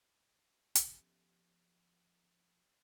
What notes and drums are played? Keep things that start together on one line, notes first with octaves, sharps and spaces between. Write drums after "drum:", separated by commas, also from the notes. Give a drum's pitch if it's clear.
F3 B3 C#4 G4 A4 E5, drum: hi-hat